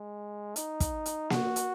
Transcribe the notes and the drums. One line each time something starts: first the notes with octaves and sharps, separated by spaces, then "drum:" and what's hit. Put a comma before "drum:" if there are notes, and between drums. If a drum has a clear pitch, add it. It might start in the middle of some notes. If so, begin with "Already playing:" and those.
Already playing: G#3
D#4, drum: hi-hat
drum: kick, hi-hat
drum: hi-hat
F#4, drum: snare A#3
drum: hi-hat